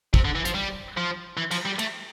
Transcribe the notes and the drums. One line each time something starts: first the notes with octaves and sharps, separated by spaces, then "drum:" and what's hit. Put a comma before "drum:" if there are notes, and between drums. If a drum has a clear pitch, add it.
C3, drum: kick
D3
E3
F3, drum: hi-hat
G3
F3
E3
F3, drum: cymbal
G3
A3, drum: cymbal